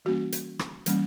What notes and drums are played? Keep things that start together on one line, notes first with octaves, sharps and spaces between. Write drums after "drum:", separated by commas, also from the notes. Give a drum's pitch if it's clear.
E3 G3 A#3 C#4 F#4
drum: hi-hat
drum: rim click
E3 G3 A#3 C#4, drum: hi-hat